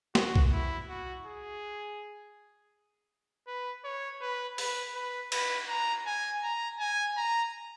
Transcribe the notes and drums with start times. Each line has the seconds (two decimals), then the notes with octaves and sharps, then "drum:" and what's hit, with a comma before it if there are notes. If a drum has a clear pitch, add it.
0.15 F#4, drum: snare
0.36 drum: kick B1
0.52 E4
0.89 F#4
1.26 G#4
3.47 B4
3.84 C#5
4.21 B4
4.58 B4, drum: open hi-hat
4.95 B4
5.32 B4, drum: cymbal
5.69 A#5
6.06 G#5
6.43 A#5
6.80 G#5
7.17 A#5